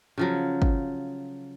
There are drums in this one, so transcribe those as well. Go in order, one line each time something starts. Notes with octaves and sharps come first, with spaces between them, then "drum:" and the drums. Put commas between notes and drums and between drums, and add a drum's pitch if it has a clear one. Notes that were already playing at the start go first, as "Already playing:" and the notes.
C#3 F3 F#3
drum: kick